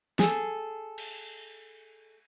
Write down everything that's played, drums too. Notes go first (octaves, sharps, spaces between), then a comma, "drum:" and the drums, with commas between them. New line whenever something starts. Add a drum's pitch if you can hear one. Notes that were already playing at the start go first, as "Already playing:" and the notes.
G#4 A4, drum: snare
drum: cymbal